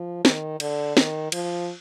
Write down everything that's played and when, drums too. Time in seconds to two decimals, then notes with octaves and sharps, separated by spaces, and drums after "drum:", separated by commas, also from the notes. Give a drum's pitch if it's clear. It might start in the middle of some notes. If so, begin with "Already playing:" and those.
Already playing: F3
0.25 D#3, drum: snare
0.60 D3, drum: cymbal
0.97 D#3, drum: snare
1.32 F3, drum: cymbal